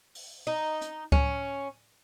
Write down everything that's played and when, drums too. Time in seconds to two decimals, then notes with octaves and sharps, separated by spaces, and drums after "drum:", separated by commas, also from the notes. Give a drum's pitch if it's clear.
0.15 drum: open hi-hat
0.47 D#4
0.81 drum: hi-hat
1.12 C#4, drum: kick C#2